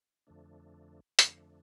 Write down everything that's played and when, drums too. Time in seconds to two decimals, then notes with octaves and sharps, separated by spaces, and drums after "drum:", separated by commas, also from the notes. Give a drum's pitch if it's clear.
0.27 F2 D3 F3 A3 D4
1.19 F2 D3 F3 A3 D4, drum: hi-hat